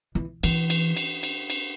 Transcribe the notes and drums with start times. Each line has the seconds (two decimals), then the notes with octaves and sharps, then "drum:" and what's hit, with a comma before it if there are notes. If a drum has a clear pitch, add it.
0.15 E3
0.43 E3, drum: cymbal
0.70 drum: cymbal
0.97 drum: cymbal
1.23 drum: cymbal
1.50 drum: cymbal